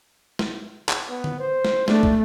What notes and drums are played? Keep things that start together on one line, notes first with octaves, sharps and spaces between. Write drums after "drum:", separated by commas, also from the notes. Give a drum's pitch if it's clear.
drum: snare
drum: clap
B3
drum: tom D3
C5
drum: snare
A3 D4, drum: snare
drum: kick